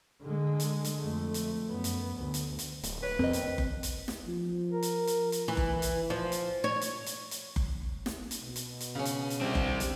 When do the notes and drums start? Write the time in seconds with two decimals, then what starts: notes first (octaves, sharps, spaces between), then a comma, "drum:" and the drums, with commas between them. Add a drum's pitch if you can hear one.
0.22 D3 G#3
0.60 drum: hi-hat
0.84 drum: hi-hat
1.00 F2 A3
1.34 drum: hi-hat
1.67 F#2 B3
1.84 drum: hi-hat
2.16 D2
2.34 drum: hi-hat
2.59 drum: hi-hat
2.83 D1, drum: hi-hat
3.03 B4 C#5
3.19 F2 C4 A#4 D#5
3.33 drum: hi-hat
3.58 drum: kick F#1
3.83 drum: hi-hat
4.08 drum: snare
4.27 F3
4.71 A#4
4.82 drum: hi-hat
5.07 drum: hi-hat
5.32 drum: hi-hat
5.48 E3
5.57 drum: kick F#1
5.82 drum: hi-hat
6.10 F3
6.32 drum: hi-hat
6.64 C#5
6.81 drum: hi-hat
7.06 drum: hi-hat
7.31 drum: hi-hat
7.56 drum: kick F#1
8.06 drum: snare
8.31 drum: hi-hat
8.42 B2
8.56 drum: hi-hat
8.80 drum: hi-hat
8.95 C#3 C#4
9.05 drum: hi-hat
9.30 drum: hi-hat
9.41 G3 C4 D4
9.55 drum: kick F#1
9.80 drum: hi-hat